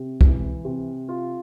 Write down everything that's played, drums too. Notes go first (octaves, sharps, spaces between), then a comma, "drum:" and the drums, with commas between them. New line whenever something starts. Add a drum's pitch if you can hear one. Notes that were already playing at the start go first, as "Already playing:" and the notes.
Already playing: C3
E3, drum: kick
C3
F4